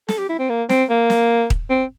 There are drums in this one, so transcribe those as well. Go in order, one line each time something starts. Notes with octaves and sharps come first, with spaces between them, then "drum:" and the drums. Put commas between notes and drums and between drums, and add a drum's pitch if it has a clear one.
A4, drum: snare
G4
E4
C4
A#3
C4, drum: snare
A#3
drum: snare
drum: kick D#1
C4